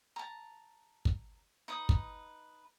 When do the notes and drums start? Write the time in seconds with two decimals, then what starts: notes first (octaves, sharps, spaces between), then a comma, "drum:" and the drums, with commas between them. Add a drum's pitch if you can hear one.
0.16 A5 A#5
1.05 drum: kick
1.68 D#4 B4 D#6
1.89 drum: kick